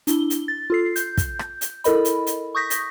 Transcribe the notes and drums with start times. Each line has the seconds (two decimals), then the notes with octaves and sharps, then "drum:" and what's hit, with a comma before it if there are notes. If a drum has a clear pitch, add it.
0.07 D4 E4 G7, drum: hi-hat
0.30 drum: hi-hat
0.48 A6
0.70 F4 A4 C7
0.96 G6, drum: hi-hat
1.17 drum: kick, hi-hat
1.39 drum: rim click
1.61 drum: hi-hat
1.84 E4 A4 A#4 D#5 B5, drum: hi-hat
2.05 drum: hi-hat
2.27 drum: hi-hat
2.55 C#6 D#6 G6 A#6 B6
2.70 drum: hi-hat